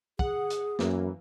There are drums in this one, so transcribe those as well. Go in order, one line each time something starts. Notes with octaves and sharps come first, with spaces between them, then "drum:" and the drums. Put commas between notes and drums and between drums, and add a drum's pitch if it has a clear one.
G#4 F#5, drum: kick
drum: hi-hat
F#2 E3 A#3, drum: snare